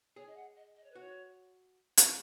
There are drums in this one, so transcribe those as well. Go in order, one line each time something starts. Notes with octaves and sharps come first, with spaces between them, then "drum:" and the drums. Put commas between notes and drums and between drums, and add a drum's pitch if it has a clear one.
G#4 C#5
D#5
F#5
D#5
D#5
C#5
B4
F#4 C#5
drum: hi-hat